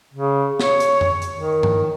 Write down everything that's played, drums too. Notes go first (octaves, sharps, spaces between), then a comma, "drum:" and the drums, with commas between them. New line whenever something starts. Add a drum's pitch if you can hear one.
C#3
C#5, drum: snare
drum: hi-hat
drum: tom F2
drum: hi-hat
D#3
drum: tom G2